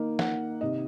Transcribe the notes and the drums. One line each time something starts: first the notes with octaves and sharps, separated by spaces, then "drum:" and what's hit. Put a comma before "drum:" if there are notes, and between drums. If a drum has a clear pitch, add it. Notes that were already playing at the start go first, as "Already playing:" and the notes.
Already playing: D#3 A#3 D#4
F#5, drum: snare
C3 D#3 D#5